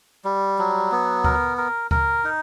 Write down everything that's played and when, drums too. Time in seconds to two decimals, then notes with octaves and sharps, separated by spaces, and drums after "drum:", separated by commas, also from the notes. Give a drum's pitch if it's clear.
0.25 G3
0.59 F#3
0.92 B3
1.24 A#4, drum: kick D2
1.58 A#4
1.91 A#4, drum: kick D2
2.24 D#4